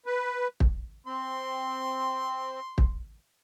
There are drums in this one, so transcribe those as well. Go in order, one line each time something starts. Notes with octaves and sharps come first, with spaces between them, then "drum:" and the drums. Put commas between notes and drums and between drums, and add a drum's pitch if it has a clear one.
B4
drum: kick
C4 C6
drum: kick